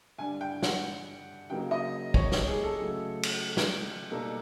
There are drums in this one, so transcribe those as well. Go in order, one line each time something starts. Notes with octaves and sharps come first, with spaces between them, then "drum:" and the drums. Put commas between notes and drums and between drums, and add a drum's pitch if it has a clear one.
G2 D3 G3 G#5
G5
F#5, drum: snare
C#3 F#3 A#3 D#4 G5
D#5
C#5, drum: kick
G4, drum: snare
G#4
A4
C#3 F#3 A3
drum: cymbal
drum: snare
B2 G3 A#3 D#4 A4